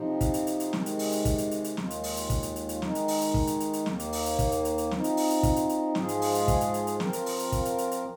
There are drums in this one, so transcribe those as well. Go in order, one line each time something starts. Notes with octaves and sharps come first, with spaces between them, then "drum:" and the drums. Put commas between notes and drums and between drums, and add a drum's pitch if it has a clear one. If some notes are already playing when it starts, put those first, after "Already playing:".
Already playing: C3 F3 C4 D#4
drum: kick, hi-hat
drum: hi-hat
drum: hi-hat
drum: hi-hat
C3 D#3 G#3, drum: snare
drum: hi-hat
drum: open hi-hat
drum: hi-hat
drum: kick, hi-hat
drum: hi-hat
drum: hi-hat
drum: hi-hat
D#2 D#3 G#3 F4, drum: snare
drum: hi-hat
drum: open hi-hat
drum: hi-hat
drum: kick, hi-hat
drum: hi-hat
drum: hi-hat
drum: hi-hat
D#3 G#3 D#4, drum: snare
drum: hi-hat
drum: open hi-hat
drum: hi-hat
drum: kick
drum: hi-hat
drum: hi-hat
drum: hi-hat
D#2 D#3 A#3, drum: snare
drum: hi-hat
drum: open hi-hat
drum: hi-hat
drum: kick, hi-hat
drum: hi-hat
drum: hi-hat
drum: hi-hat
F3 C4 D#4, drum: snare
drum: hi-hat
drum: open hi-hat
drum: hi-hat
drum: kick, hi-hat
drum: hi-hat
drum: hi-hat
G#2 F3 G#3 F4 G#4, drum: snare
drum: hi-hat
drum: open hi-hat
drum: hi-hat
drum: kick, hi-hat
drum: hi-hat
drum: hi-hat
drum: hi-hat
F3 C4 F4 A#4, drum: snare
drum: hi-hat
drum: open hi-hat
drum: hi-hat
drum: kick, hi-hat
drum: hi-hat
drum: hi-hat
drum: hi-hat